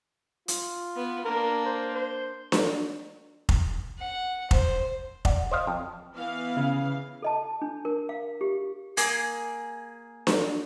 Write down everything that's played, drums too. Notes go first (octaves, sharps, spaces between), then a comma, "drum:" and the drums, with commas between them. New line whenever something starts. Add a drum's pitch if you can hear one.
F4, drum: hi-hat
B3
A#3 D4 A#4
C5
C5
drum: snare D4
drum: kick F1
F#5
C5, drum: kick F1
D5 F#5, drum: kick F1
C5 D#5 F5
F2
E3 B3 F5
C#3
A4 D#5 A5
D4
A#4
F5
G4
A#3 G#4, drum: hi-hat
drum: snare D4